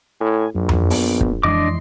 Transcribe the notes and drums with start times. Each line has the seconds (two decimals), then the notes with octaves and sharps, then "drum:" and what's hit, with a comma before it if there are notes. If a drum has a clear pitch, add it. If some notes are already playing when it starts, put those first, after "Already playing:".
0.21 A2 G#5
0.55 A#1 F#2 F#3
0.69 drum: tom F2
0.90 B3, drum: open hi-hat
1.21 drum: kick
1.43 F2 E3 G#3 D4 D#5 C6 D6